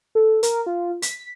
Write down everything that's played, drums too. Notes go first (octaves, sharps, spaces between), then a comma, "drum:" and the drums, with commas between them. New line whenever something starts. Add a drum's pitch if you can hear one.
A4
A#4, drum: hi-hat
F4
B6, drum: hi-hat